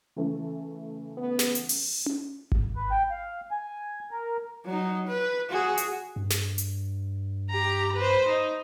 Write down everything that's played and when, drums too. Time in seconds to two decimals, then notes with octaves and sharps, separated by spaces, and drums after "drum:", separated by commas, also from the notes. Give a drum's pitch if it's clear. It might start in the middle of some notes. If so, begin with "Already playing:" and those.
0.16 C#3 E3 A3
1.17 B3
1.39 drum: snare
1.55 drum: hi-hat
1.69 drum: open hi-hat
2.06 drum: tom C#4
2.52 drum: kick G#1
2.76 B4
2.91 G5
3.10 F5
3.51 G#5
4.11 A#4
4.65 F#3 D#4
5.07 B4
5.50 F#4 G#4
5.78 drum: hi-hat
6.16 G2
6.30 drum: snare
6.58 drum: hi-hat
7.50 G4 A#5
7.96 B4 C5
8.28 D#4